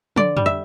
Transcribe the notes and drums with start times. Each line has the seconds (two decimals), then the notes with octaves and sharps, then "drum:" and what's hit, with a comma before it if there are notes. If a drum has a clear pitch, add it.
0.16 D3 D5, drum: tom
0.37 G3, drum: tom
0.46 E5